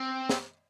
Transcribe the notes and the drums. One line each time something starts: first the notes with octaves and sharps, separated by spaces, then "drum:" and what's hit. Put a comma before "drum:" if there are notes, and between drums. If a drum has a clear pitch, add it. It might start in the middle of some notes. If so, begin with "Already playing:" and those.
Already playing: C4
drum: snare